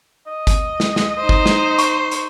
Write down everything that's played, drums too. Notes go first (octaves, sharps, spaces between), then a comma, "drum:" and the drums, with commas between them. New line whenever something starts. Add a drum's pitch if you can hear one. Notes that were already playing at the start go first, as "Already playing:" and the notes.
D#5
drum: kick G1, hi-hat
drum: snare
drum: snare
D#4 C5
drum: kick G1
drum: snare
C6 C#6, drum: hi-hat
drum: hi-hat